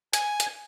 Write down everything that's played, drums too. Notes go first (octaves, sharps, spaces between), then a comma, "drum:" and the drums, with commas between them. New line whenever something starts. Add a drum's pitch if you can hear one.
G#5, drum: hi-hat
drum: hi-hat